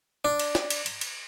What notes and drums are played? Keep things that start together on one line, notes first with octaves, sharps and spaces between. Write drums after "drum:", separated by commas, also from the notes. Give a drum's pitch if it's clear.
D4
drum: cymbal
drum: snare
drum: cymbal
drum: cymbal
drum: cymbal